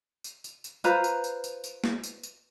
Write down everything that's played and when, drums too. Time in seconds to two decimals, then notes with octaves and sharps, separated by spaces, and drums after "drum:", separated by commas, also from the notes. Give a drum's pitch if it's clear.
0.24 drum: tambourine
0.44 drum: tambourine
0.64 drum: tambourine
0.84 F4 B4 C5 A#5, drum: tambourine
1.04 drum: tambourine
1.24 drum: tambourine
1.44 drum: tambourine
1.64 drum: tambourine
1.84 drum: snare
2.04 drum: tambourine
2.23 drum: tambourine